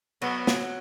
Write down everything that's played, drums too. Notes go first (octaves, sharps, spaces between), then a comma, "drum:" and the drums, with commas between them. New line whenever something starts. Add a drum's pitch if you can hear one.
F#3 B3, drum: cymbal
F#3, drum: snare